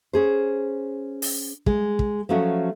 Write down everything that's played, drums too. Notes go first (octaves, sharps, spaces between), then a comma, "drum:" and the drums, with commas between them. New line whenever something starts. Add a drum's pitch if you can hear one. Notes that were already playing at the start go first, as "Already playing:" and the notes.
C#4 G#4 C5
drum: open hi-hat
G#3, drum: kick
drum: kick
F3 F#3 A3 C#4 F#4